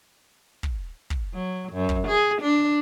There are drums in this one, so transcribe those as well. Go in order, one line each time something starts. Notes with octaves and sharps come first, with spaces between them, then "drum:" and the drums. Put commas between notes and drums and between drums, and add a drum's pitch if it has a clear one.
drum: kick
drum: kick
F#3
F#2
drum: kick
G#4
D4